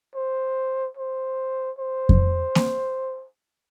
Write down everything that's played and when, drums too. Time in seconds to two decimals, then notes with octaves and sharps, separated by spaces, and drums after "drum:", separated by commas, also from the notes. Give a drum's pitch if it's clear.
0.15 C5
0.97 C5
1.79 C5
2.09 drum: kick F2
2.55 drum: snare A#3